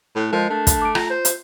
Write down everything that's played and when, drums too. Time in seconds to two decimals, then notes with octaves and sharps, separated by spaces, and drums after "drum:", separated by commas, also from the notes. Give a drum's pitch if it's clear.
0.15 A2 A4 F#6
0.32 F3 G#3 A#4
0.50 A3 D4
0.67 drum: kick, hi-hat
0.82 D6 D7
0.95 F4 A#5, drum: rim click
1.10 C5
1.25 drum: hi-hat